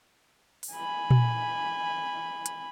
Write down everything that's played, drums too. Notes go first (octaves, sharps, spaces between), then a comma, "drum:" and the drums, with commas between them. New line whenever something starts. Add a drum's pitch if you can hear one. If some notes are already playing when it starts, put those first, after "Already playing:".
drum: open hi-hat
G#5 B5
drum: tom A#2
drum: hi-hat